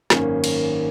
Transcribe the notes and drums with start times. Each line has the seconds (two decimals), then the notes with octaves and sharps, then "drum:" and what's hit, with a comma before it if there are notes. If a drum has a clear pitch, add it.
0.10 G#1 F#2 D#3 A#3 C#4, drum: snare
0.44 drum: cymbal